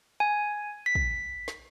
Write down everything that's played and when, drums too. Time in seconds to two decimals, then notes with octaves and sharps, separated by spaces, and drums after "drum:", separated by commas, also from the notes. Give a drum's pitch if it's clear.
0.20 G#5
0.86 B6
0.95 drum: kick
1.48 drum: snare